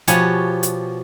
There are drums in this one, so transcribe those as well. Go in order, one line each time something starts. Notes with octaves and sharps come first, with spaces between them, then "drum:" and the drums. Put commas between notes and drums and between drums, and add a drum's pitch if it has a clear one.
B2 F3 G4 C#5 F#5 G#5, drum: hi-hat
drum: hi-hat